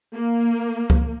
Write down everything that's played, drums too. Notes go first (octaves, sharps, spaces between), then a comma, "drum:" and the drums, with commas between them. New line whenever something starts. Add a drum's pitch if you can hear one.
A#3
drum: kick C#2